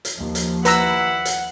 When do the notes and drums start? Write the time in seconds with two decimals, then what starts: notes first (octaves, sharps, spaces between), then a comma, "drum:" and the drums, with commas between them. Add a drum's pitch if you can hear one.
0.05 drum: hi-hat
0.16 D#2 F3
0.35 drum: hi-hat
0.65 E4 B4 F#5 A#5 E6, drum: hi-hat
1.25 drum: hi-hat